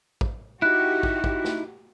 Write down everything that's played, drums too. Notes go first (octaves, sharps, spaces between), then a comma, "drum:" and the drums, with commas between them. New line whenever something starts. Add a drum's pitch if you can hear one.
drum: kick
D#4 E4 F#4 G4 F#6
drum: kick
drum: kick
drum: snare